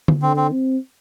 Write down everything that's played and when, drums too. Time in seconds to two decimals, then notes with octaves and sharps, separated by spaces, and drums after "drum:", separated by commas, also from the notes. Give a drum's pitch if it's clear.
0.08 drum: tom D3
0.22 D3 C4
0.37 C4
0.51 C4